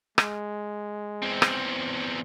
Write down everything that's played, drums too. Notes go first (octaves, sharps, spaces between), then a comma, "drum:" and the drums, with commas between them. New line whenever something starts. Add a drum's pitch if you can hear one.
G#3, drum: rim click
E2 C4
drum: rim click